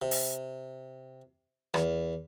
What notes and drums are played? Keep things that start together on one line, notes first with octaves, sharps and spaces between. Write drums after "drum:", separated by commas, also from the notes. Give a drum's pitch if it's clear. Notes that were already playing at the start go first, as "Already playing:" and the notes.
C3
drum: open hi-hat
E2, drum: rim click